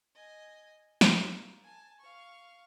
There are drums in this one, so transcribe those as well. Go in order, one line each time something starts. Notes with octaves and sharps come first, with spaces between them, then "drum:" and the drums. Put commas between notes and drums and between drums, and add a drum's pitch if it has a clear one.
D#5 G#5
A#3, drum: snare
G#5 A5
F5 C#6